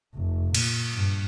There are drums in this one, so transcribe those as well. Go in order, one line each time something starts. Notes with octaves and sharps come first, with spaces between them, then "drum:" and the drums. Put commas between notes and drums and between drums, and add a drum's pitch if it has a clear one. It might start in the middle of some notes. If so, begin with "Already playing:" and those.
F1
A#2, drum: cymbal
G2